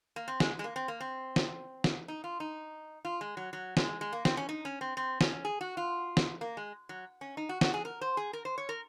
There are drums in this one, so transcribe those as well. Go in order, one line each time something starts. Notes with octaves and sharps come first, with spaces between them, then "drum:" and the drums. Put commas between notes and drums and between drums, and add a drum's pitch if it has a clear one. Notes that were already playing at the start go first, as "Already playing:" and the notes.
A#3
C4
G#3, drum: snare
G#3
A#3
C4
A#3
C4
drum: snare
drum: snare
D#4
F4
D#4
F4
G#3
F#3
F#3
G#3, drum: snare
G#3
A#3
C4, drum: snare
C#4
D#4
C#4
C4
C4
C#4, drum: snare
G#4
F#4
F4
drum: snare
A#3
G#3
F#3
C#4
D#4
F#4
F#4, drum: snare
G#4
A#4
C5
G#4
A#4
C5
C#5
A#4